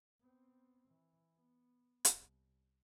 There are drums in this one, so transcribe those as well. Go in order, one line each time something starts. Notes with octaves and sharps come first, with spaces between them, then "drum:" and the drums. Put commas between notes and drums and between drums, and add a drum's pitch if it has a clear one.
B3 C4
E3
B3
C2, drum: hi-hat